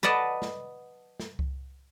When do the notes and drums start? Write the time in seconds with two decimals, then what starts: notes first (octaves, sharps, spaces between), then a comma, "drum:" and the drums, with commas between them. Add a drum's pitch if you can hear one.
0.03 B4 D5 D#5 F#5 A5
0.42 drum: snare
1.20 drum: snare
1.39 drum: kick C2